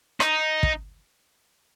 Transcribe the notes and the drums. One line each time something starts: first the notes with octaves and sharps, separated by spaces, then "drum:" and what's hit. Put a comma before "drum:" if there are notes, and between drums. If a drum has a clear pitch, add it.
D#4, drum: rim click
drum: kick